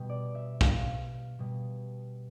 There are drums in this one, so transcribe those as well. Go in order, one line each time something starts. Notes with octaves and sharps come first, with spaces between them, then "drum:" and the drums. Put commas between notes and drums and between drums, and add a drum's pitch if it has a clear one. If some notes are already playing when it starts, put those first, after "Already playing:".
Already playing: B2 G3
D5
E5
F5, drum: kick
B2 G3